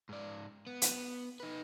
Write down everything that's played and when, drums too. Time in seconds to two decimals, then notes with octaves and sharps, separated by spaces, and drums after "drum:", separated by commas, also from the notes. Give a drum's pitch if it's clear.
0.09 G#2 D5
0.67 B3
0.82 drum: hi-hat
1.40 D#4 B4